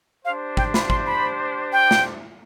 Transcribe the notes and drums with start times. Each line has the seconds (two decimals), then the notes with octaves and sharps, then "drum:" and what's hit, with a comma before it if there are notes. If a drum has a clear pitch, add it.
0.25 D4 G4 C5 F5
0.57 G5, drum: kick
0.74 B5, drum: snare
0.90 C6, drum: kick
1.06 B5
1.73 G5
1.91 drum: snare